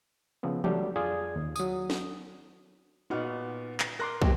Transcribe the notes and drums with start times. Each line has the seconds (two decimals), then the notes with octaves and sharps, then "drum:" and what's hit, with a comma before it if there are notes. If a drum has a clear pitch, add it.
0.43 C#3 F3 B3 C4
0.64 F#3 G3 A3 D4 G4, drum: tom E3
0.96 F2 F4 G#4 D5 D#6 G#6
1.36 D#2
1.56 F#3 D#6, drum: tambourine
1.90 drum: snare
3.10 A#2 B3 D#4 F#4 F#5 F6
3.80 drum: clap
4.00 A#4 A#5 C6 D6 F#6 A#6
4.22 F#1 B2 F#3 A#3 G4, drum: kick